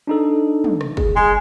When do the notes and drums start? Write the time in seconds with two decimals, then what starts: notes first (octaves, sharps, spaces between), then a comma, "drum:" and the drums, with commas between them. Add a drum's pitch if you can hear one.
0.07 D4 D#4 A4
0.64 drum: tom
0.81 drum: rim click
0.97 G#4, drum: kick
1.16 G#3